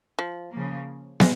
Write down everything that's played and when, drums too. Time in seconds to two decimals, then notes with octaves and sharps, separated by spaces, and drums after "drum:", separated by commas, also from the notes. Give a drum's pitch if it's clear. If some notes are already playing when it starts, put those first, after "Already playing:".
0.19 F3
0.52 C#3 F3 A#3
1.20 G#3, drum: snare